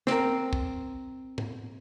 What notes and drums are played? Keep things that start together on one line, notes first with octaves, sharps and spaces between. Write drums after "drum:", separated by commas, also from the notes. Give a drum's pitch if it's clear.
C4 A#4, drum: snare
drum: kick
drum: tom